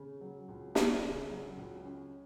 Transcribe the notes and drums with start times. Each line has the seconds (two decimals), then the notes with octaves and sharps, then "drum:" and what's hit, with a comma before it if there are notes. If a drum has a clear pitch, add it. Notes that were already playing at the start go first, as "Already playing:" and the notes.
Already playing: C#3
0.21 F#3
0.48 C#2
0.75 C#4, drum: snare
1.03 C#3
1.30 F#3
1.57 C#2
1.84 C#4